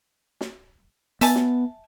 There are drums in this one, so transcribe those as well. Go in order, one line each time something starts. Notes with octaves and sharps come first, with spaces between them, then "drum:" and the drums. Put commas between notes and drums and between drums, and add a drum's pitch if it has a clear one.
drum: snare
B3 E5 G#5 A5, drum: hi-hat
drum: snare